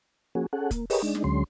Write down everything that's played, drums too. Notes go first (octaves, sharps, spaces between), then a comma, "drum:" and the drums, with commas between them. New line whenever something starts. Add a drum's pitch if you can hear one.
F3 A#3 C#4 F#4 G#4
C#4 G#4 A4 F#5
A#3, drum: kick, hi-hat
G4 G#4 A#4 B4 C#5 D#5, drum: open hi-hat
G#3 D4 D#4
drum: snare
D2 D3 F#3 G#3 C#4 C6